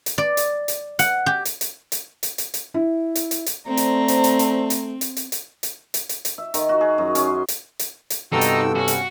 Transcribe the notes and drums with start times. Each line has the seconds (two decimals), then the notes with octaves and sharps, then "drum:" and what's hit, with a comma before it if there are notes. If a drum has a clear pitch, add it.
0.06 drum: hi-hat
0.18 D5
0.37 drum: hi-hat
0.68 drum: hi-hat
0.99 F#5, drum: hi-hat
1.26 G4
1.45 drum: hi-hat
1.61 drum: hi-hat
1.92 drum: hi-hat
2.23 drum: hi-hat
2.38 drum: hi-hat
2.54 drum: hi-hat
2.74 E4
3.15 drum: hi-hat
3.31 drum: hi-hat
3.46 drum: hi-hat
3.68 A3 C4 C5 D5 A#5
3.77 drum: hi-hat
4.08 drum: hi-hat
4.24 drum: hi-hat
4.39 drum: hi-hat
4.70 drum: hi-hat
5.01 drum: hi-hat
5.17 drum: hi-hat
5.32 drum: hi-hat
5.63 drum: hi-hat
5.94 drum: hi-hat
6.09 drum: hi-hat
6.25 drum: hi-hat
6.38 E5
6.54 D#3, drum: hi-hat
6.69 F#4
6.81 G#4
6.98 F#2
7.15 C#4, drum: hi-hat
7.27 C6
7.48 drum: hi-hat
7.79 drum: hi-hat
8.10 drum: hi-hat
8.32 G2 C3 B3 D#4 F#4 A4 G5 E6
8.41 drum: hi-hat
8.75 C#4 F#4
8.88 drum: hi-hat